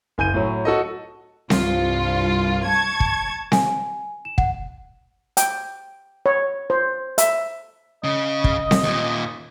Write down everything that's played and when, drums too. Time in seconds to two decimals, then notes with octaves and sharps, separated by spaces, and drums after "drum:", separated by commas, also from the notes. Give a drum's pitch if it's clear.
0.18 F#1 G#5 G6 D#7
0.34 A2 F#3
0.65 F#4 A4 D#5
1.50 C2 G2 F4, drum: snare C4
2.65 A5 C#6 G#6
3.00 drum: kick
3.52 G#5, drum: snare C4
4.25 E7
4.38 F#5, drum: kick
5.37 G5, drum: hi-hat
6.26 C#5
6.70 C5
7.18 E5, drum: hi-hat
8.04 C#3 D#5
8.44 drum: kick
8.71 drum: snare C4
8.83 D#2 A#2